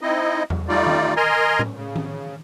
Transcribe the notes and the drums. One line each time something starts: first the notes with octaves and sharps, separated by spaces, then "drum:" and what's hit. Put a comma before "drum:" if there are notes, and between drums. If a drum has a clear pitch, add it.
C4 D#4 E4 D#5
drum: tom E2
G3 A3 D#4 F4 D5
drum: tom D#3
A#4 D#5 G#5 A#5 C6
drum: tom A2
C#3
drum: tom D#3